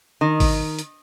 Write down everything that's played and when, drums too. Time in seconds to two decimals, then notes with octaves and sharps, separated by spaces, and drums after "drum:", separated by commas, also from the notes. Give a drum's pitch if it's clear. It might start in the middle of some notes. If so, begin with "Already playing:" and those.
0.21 D#3
0.40 drum: kick, open hi-hat
0.79 drum: hi-hat